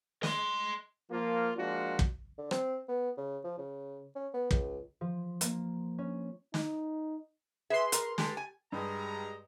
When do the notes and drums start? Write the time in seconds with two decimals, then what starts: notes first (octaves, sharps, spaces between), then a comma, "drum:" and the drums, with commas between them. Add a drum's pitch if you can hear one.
0.23 D#5 C6, drum: snare
1.11 F3 A#3 F4
1.58 F3 G#3 A#3 D4 F4 F#4
1.99 drum: kick
2.38 D3
2.51 C4, drum: rim click
2.89 B3
3.17 C#3
3.44 F3
3.58 C#3
4.16 C#4
4.34 B3
4.51 C#2, drum: kick
5.01 F3
5.41 A#3, drum: hi-hat
5.98 C#4
6.54 D#4, drum: snare
7.70 G#4 B4 E5 C6
7.92 A#4, drum: hi-hat
8.18 G#3 G4 A4, drum: snare
8.37 G#5
8.72 G2 G3 G#3 A#5